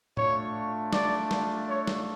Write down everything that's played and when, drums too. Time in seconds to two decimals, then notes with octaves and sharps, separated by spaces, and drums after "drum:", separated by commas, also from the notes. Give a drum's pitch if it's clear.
0.17 A3 D4 F4 C#5, drum: tom A2
0.93 D5, drum: snare
1.31 drum: snare
1.69 C#5
1.87 drum: snare